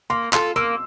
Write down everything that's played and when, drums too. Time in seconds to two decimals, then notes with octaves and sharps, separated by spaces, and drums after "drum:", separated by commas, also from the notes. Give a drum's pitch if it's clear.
0.10 A#3 C6
0.33 F4 A4 C6, drum: clap
0.56 A#3 E6